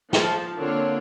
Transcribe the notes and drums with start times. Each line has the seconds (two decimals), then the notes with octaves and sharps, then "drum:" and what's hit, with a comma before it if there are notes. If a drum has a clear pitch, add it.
0.13 F3 A5, drum: snare
0.58 D3 A#3 C4 D4 F4 C#5